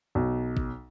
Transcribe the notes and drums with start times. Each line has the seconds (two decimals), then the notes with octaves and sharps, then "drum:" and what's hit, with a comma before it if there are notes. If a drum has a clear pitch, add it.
0.15 B1
0.57 drum: kick G#1